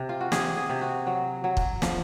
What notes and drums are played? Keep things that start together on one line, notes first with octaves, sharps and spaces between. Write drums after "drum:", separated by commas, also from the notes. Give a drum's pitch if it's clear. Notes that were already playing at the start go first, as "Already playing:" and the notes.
Already playing: C3
F4
F#4
C3 G#4, drum: snare
G#4
C3
F#4
F#3
F#3
drum: kick
F3, drum: snare